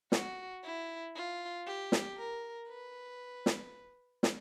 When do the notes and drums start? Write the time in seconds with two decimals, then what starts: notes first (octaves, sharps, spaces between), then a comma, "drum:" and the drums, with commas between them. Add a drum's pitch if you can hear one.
0.12 F#4, drum: snare
0.64 E4
1.15 F4
1.67 G4
1.92 drum: snare
2.17 A#4
2.68 B4
3.46 drum: snare
4.23 drum: snare